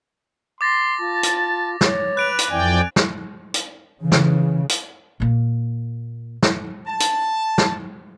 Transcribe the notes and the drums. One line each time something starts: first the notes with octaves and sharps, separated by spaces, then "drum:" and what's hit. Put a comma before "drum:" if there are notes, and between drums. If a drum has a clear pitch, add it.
C6 D6 A6 A#6
F4 A5
drum: hi-hat
C#5, drum: snare
B4 F#6 D7 F7
drum: hi-hat
F2 E3 D5 G5 G#5
drum: snare
drum: hi-hat
C#3 E3
drum: snare
drum: hi-hat
A#2 A#3
drum: snare
A5
drum: hi-hat
drum: snare